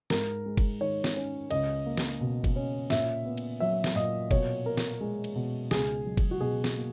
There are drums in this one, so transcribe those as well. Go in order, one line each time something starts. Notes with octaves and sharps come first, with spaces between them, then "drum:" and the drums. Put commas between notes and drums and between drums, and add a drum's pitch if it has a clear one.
G#2 A#4, drum: snare
G#3
drum: kick F#1, cymbal
D#3 C#5
drum: snare
C#4
C#2 D#5, drum: cymbal
A#3
drum: snare
B2
drum: kick F#1, cymbal
C#4
A#2 E5, drum: snare
B3
drum: cymbal
F#3 E5
drum: snare
A#2 D#5
B2 C#5, drum: kick F#1, cymbal
B3 A#4
drum: snare
G#3
drum: cymbal
B2
C#2 G#4, drum: snare
F#3
drum: kick F#1, cymbal
F#4
B2 G#4
drum: snare
A#3